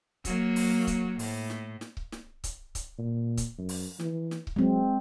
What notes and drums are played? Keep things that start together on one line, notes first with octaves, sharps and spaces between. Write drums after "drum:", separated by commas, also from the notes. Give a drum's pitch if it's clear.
F#3 A#3, drum: kick C#1, hi-hat
drum: open hi-hat
drum: kick C#1, hi-hat
A2, drum: open hi-hat
drum: snare
drum: snare
drum: kick C#1
drum: snare
drum: kick C#1, hi-hat
drum: kick C#1, hi-hat
A#2
drum: kick C#1, hi-hat
F#2
drum: open hi-hat
E3, drum: snare
drum: snare
drum: kick C#1
F#3 G#3 C4